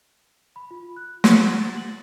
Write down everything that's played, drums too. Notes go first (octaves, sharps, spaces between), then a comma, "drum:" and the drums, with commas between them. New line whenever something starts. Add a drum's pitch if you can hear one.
B5
F4
F#6
F#5, drum: snare
A6
F#7